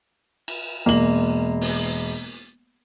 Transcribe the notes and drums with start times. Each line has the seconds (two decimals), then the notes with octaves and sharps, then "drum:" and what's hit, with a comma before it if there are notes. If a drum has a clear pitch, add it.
0.48 drum: cymbal
0.86 E1 A#3 F#7
1.61 drum: open hi-hat